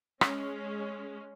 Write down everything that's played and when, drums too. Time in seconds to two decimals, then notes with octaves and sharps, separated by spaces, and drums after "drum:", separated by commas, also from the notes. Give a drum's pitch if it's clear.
0.21 G#3 C#4, drum: rim click